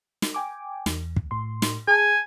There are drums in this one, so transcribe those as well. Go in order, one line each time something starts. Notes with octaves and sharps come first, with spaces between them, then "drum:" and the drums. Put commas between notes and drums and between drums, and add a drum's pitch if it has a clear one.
drum: snare
G5 G#5 D6
E2, drum: snare
drum: kick
A2 C6
drum: snare
G#4 G#5 A5